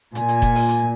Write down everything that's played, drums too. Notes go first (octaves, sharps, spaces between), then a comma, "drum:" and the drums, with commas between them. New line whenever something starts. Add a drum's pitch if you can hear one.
A#2 G#5, drum: hi-hat
drum: hi-hat
drum: kick E1, hi-hat
drum: open hi-hat
drum: hi-hat